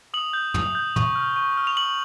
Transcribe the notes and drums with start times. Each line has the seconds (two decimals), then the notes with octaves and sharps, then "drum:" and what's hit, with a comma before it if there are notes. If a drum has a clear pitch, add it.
0.14 D#6 F#7
0.33 G6
0.54 D#6, drum: tom
0.75 G6
0.96 C#6, drum: tom
1.15 F6
1.36 C#6
1.57 F6
1.67 F7
1.77 D#6 F#7